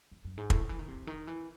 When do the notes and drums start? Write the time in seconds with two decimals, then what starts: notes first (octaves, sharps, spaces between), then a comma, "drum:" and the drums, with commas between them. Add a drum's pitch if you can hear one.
0.11 F#2
0.25 F#2
0.37 G#2
0.50 A2, drum: kick
0.60 D#3
0.69 E3
0.79 D#3
0.88 C3
1.07 D#3
1.27 E3